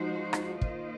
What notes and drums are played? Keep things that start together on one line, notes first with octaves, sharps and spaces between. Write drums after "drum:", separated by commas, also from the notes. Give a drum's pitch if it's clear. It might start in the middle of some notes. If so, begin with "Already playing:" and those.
Already playing: F3 G#3 D#4 F#4 C5
drum: rim click
D#3 A#3 F4 C5 D#5, drum: kick